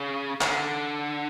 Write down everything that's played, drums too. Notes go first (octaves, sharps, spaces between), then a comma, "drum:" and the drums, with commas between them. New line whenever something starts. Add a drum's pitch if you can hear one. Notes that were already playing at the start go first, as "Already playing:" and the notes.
Already playing: C#3
D3, drum: clap